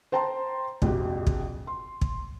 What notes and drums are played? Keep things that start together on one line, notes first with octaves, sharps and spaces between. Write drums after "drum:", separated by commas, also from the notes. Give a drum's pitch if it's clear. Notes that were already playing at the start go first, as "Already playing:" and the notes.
C5 G5 A5 A#5 C6
A#1 F2 C3 F#4 G4, drum: kick
drum: kick
C6
drum: kick